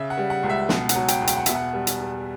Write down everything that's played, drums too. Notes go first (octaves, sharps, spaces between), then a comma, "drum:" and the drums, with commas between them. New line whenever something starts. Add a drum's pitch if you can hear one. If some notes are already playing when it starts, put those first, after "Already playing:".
Already playing: C#3 E5
F#5
G3
F#5
C#2
E5
B2 F#5, drum: snare
F#5, drum: hi-hat
F#3
G5, drum: hi-hat
E2
G5, drum: hi-hat
F#5
B2 E5, drum: hi-hat
F#5
G3
drum: hi-hat
E2